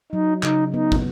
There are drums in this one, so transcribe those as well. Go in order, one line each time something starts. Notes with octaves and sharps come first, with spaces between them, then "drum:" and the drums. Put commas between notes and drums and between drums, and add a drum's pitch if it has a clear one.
F#3 D#4
C#3 D#4, drum: clap
B3 D#4
drum: kick